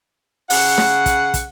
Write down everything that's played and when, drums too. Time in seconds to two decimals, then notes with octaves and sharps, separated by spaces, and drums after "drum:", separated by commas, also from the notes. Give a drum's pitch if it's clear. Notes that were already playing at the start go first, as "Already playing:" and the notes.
0.50 C#3 F#5, drum: open hi-hat
0.78 drum: snare
1.06 drum: kick, hi-hat
1.34 drum: kick, hi-hat